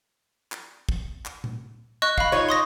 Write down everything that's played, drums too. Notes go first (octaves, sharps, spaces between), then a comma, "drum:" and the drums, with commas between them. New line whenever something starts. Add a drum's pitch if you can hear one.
drum: clap
drum: kick
drum: clap
drum: tom A#2
D#5 C#6 F#6
F5 B5, drum: kick
D#4 F4 C#5
C6 D#6 A#6